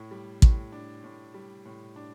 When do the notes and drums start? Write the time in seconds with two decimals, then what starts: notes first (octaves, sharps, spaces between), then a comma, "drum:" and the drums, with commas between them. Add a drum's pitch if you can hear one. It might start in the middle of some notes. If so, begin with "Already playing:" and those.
Already playing: A2
0.11 G3
0.42 A2, drum: kick
0.72 D4
1.04 A2
1.34 G3
1.66 A2
1.96 D4